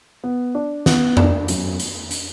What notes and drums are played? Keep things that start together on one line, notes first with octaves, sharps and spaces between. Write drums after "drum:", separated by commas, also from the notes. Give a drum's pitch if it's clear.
B3
D4
B3, drum: snare
D4, drum: tom F2
F#2, drum: hi-hat
drum: hi-hat
drum: hi-hat